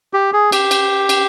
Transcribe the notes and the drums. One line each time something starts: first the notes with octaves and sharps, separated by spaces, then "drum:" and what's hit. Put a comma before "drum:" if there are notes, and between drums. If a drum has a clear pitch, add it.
G4
G#4
G4, drum: cymbal
drum: cymbal
drum: cymbal